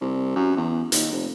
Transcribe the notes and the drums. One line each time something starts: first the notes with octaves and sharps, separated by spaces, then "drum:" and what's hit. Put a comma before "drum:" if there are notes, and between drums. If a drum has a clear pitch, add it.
C2
F#2
E2
D#2, drum: hi-hat
F1